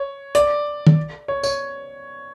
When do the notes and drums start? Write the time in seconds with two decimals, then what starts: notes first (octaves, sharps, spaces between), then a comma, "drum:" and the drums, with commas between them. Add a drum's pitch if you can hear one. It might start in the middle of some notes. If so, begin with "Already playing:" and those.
Already playing: C#5
0.35 D5, drum: hi-hat
0.87 drum: tom
1.28 C#5
1.43 C#5, drum: tambourine